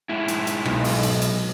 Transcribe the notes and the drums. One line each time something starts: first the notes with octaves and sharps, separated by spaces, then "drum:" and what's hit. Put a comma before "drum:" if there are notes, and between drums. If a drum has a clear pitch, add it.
G#2 E4
drum: hi-hat
drum: hi-hat
B1, drum: rim click
drum: open hi-hat
drum: hi-hat
drum: hi-hat